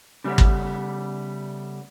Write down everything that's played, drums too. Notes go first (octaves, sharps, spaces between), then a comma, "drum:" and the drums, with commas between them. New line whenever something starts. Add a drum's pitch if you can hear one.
C#3 G3 A3 B3
drum: kick